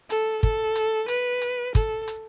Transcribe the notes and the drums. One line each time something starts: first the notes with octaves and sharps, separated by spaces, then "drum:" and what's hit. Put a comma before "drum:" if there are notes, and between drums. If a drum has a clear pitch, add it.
A4, drum: hi-hat
A4, drum: kick
drum: hi-hat
B4, drum: hi-hat
drum: hi-hat
A4, drum: kick, hi-hat
drum: hi-hat